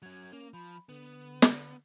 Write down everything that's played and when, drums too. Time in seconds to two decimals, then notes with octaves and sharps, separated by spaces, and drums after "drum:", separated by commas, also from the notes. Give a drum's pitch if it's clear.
0.02 F#3 C#4 G#6
0.33 A#3 C#4
0.54 F3 B5
0.89 D3 B3
1.42 drum: snare